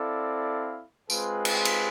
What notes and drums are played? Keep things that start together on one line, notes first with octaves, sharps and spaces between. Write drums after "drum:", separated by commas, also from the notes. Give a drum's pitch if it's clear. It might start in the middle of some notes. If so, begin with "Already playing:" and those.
Already playing: C4 E4 A4 D5 F5
G#3 C4 F4 G#4 B4, drum: tambourine
drum: cymbal
drum: cymbal